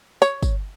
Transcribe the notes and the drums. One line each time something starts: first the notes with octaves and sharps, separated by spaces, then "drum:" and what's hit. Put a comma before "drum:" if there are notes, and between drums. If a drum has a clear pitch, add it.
C#5, drum: tambourine
drum: kick, tambourine